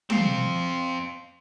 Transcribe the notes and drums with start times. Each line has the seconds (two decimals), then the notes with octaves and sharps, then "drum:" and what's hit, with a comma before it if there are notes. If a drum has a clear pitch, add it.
0.10 C4 F5, drum: tom